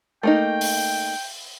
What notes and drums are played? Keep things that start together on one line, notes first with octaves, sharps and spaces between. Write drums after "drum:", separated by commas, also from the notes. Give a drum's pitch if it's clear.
A3 A#3 D#4 G5
drum: open hi-hat